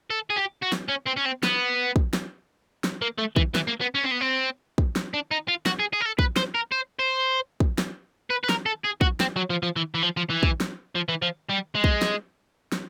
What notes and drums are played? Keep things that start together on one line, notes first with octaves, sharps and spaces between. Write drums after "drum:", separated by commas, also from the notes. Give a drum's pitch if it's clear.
A4
G#4
G4
F#4
drum: snare
C#4
C4
C#4
C4
B3, drum: snare
drum: kick
drum: snare
drum: snare
A#3
A3
E3, drum: kick
E3, drum: snare
A#3
B3
C#4
C4
B3
C4
drum: kick
drum: snare
D4
D#4
F4
F#4, drum: snare
G#4
G#4
A#4
A4
B4, drum: kick
C5, drum: snare
A#4
C5
C5
drum: kick
drum: snare
B4
B4
A#4, drum: snare
A4
G#4
F#4, drum: kick
C4, drum: snare
F#3
F3
F3
E3
E3
F3
F3
E3
drum: kick
drum: snare
F3
E3
F3
G3
G#3
drum: kick
drum: snare
drum: snare